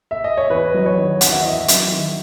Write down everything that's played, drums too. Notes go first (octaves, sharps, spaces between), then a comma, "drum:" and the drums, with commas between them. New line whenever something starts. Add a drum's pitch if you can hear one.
E5
D#5
C#5
E2 B4
F#3 D#5
C#5
D#3
E2 F#5, drum: hi-hat
E5
E2 D#5
E5
F#3, drum: hi-hat
D#3